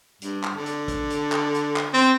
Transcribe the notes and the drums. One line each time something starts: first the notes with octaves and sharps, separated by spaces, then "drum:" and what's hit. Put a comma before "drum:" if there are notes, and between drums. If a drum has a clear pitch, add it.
G2, drum: hi-hat
drum: clap
D3
drum: hi-hat
drum: kick, hi-hat
drum: hi-hat
drum: clap
drum: hi-hat
drum: clap
C4